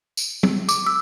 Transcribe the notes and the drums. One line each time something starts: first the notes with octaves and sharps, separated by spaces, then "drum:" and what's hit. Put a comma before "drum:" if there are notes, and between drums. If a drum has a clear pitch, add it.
drum: tambourine
drum: tom
D6, drum: tambourine
E6